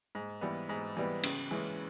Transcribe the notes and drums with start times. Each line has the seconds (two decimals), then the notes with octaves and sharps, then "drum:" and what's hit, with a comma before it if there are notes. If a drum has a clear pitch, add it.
0.15 G#2
0.41 E3 G3 B3
0.69 G#2
0.97 E3 G3 B3
1.24 C#3, drum: cymbal
1.51 E3 G#3 C#4